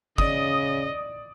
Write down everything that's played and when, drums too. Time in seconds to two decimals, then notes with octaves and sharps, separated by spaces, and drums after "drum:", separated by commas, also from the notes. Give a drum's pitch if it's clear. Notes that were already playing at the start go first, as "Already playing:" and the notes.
0.18 C#3 D5 D#5 D#6, drum: kick